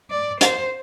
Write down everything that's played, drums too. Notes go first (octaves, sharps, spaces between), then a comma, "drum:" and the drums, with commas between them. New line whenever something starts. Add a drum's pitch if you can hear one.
D5
C5, drum: hi-hat